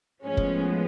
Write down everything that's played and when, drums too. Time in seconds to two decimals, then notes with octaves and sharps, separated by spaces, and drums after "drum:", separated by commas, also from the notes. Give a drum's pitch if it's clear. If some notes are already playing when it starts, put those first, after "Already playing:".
0.25 A2 F3 G#3 B3 C#4
0.37 drum: kick